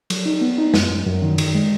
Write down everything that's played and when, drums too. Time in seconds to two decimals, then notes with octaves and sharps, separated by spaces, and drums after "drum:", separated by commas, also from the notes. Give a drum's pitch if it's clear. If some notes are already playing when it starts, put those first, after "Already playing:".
0.10 F#3, drum: cymbal
0.26 D#4
0.41 B3
0.58 D#4
0.74 F#2, drum: snare
0.90 F#2
1.06 F#2
1.22 D#3
1.38 D#3, drum: cymbal
1.55 G#3